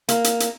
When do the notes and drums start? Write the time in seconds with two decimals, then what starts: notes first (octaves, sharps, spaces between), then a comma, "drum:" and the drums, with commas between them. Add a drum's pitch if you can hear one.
0.09 A#3, drum: hi-hat
0.24 drum: hi-hat
0.40 drum: hi-hat